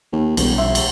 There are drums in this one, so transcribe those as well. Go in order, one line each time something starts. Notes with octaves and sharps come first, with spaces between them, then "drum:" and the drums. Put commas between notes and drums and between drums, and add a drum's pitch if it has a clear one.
D#2
E1 B1 G3, drum: cymbal
F1 E5 C6
drum: cymbal